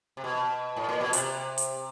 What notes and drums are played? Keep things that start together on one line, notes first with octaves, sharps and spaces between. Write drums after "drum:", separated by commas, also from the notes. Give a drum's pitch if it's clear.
C3
B2
A2
A#2
B2
C3, drum: hi-hat
drum: hi-hat